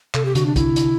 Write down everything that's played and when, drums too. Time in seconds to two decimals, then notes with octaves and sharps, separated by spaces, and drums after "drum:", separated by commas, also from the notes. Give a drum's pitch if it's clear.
0.14 C3 A4, drum: clap
0.25 G4
0.35 D3 F#4, drum: hi-hat
0.46 D4
0.56 E4, drum: kick, hi-hat
0.76 drum: hi-hat